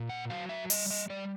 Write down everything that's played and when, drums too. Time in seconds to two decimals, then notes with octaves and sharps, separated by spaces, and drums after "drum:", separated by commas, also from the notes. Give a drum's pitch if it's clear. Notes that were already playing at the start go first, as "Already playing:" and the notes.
Already playing: A#2
0.09 F#5
0.30 F#3 F5
0.49 E5
0.70 G3 D#5, drum: open hi-hat
0.91 D#5
1.10 G3 D5